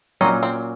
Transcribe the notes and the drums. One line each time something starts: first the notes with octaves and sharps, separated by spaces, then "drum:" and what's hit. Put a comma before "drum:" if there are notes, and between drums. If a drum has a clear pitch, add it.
A#2 F#3 C4 C#4 D#4, drum: tom F#3
C4, drum: hi-hat